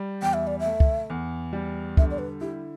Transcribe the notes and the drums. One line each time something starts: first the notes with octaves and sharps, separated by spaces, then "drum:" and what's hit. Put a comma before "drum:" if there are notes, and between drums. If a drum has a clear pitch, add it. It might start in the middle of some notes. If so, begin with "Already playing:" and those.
Already playing: G3
E2 G5
E5
D5
E5
A3
drum: kick
E2
G3
D3 E5, drum: kick
D5
B4
E4 G4